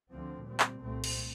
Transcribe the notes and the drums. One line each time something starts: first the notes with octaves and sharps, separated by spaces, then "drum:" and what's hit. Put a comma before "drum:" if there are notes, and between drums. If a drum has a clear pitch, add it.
D2 D3 F3 C4
A#2 G3 C4
drum: clap
C2 A#2 A3 C4
drum: cymbal